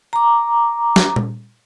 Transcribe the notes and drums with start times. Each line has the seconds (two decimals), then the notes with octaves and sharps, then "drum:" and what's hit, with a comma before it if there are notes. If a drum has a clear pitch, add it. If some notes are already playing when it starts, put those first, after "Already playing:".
0.13 A#5 D6
0.96 drum: snare
1.16 drum: tom A#2